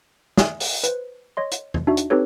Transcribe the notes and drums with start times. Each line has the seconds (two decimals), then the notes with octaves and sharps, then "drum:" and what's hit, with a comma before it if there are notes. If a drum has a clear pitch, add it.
0.37 E5 G#5 D#6, drum: snare
0.60 drum: open hi-hat
0.84 B4 C5, drum: hi-hat
1.37 C#5 D#5 C6
1.51 drum: hi-hat
1.74 drum: tom E2
1.87 D4 D#4 F#4 E5
1.97 drum: hi-hat
2.10 C4 D#4 G4 A4 B4 C#5